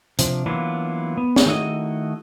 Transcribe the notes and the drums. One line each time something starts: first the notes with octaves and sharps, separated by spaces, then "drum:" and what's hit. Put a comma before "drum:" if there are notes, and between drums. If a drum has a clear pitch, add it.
C3 F3 D4, drum: hi-hat
E3 F#3 A#3 B3 D4 F4
B3
drum: snare
D#3 A3 E4 F#4 D#5